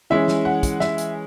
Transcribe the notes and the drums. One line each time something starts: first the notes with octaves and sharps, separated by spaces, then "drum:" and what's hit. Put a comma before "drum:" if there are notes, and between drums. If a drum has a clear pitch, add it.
E3 G#3 C#4 E5
drum: snare
F#5
drum: kick, hi-hat
E5, drum: snare
drum: hi-hat